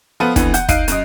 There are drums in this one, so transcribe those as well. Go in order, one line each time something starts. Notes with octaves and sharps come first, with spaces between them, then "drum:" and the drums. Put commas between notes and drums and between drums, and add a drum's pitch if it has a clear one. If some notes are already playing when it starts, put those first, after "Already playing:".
F3 B3 F4 A4 B4 D#7
F2 D3 E3 B3, drum: kick, hi-hat
F#5 G6, drum: hi-hat
D#4 F5 F#6 C7 D7 D#7, drum: kick, hi-hat
F#2 D#5, drum: hi-hat